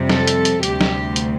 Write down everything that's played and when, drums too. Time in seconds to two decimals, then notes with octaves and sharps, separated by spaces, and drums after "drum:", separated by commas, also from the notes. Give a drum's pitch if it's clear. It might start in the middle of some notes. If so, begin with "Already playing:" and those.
Already playing: F2 C3 G3
0.09 A4, drum: snare
0.27 drum: hi-hat
0.45 drum: hi-hat
0.63 D2 C3 G3 G4, drum: hi-hat
0.81 drum: snare
1.16 drum: hi-hat